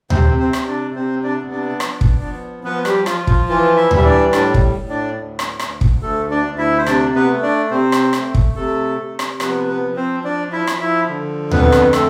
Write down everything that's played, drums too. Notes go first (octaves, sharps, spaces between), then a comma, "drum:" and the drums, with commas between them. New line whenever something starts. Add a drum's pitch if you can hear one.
C3 C4 C5, drum: tom D2
C4 C5
C3, drum: rim click
D4 D5
C3 C4 C5
D4 D5
B3
D4 D5
F3, drum: rim click
drum: kick
B3
F3 B3 B4
G3 G4, drum: rim click
F3 F4, drum: rim click
F4, drum: kick
E3 F4
E4 E5
G3, drum: tom D2
E5
D4 D5
A2 D4 D5, drum: rim click
drum: kick
A2
D4 D5
D2
drum: rim click
D2, drum: rim click
drum: kick
D2 A3 A4
D4 D5
D2
E4 E5
C5
C3 D4 D5, drum: rim click
B3 B4
A3
D4 D5
C3 C4 C5
drum: rim click
A3, drum: rim click
drum: kick
C3 A3 A4
C3
drum: rim click
F3 B3 B4, drum: rim click
B3 B4
F3
C4 C5
F3 D4 D5
E4 E5
F3, drum: rim click
E4 E5
D3
F2 B3 B4, drum: tom D2
drum: rim click
A3 C4 A4, drum: rim click